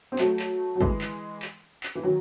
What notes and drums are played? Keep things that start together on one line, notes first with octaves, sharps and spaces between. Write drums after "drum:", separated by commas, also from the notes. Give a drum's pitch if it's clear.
C4
F#3 A3, drum: clap
drum: clap
F#3
E3 G#3, drum: kick
drum: clap
drum: clap
drum: clap
E3
D#3 F#3